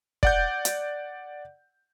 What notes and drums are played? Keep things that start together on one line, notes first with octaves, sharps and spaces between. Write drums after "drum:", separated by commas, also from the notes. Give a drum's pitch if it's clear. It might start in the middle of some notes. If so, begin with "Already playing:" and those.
D5 F#5 G6, drum: kick
drum: hi-hat